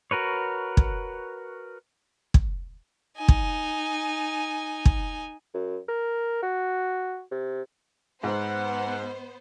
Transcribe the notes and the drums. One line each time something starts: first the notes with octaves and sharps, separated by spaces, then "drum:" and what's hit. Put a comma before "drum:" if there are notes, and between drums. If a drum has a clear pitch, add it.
F#4 A#4 B4 C#5
drum: kick
drum: kick
D#4 G#5
drum: kick
drum: kick
F#2
A#4
F#4
C3
G#2 B3 C5 F#5